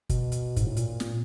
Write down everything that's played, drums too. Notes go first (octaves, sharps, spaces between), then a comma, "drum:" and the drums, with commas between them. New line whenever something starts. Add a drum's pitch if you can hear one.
B2, drum: kick, hi-hat
drum: hi-hat
G#2, drum: kick, hi-hat
A2
A#2, drum: hi-hat
drum: snare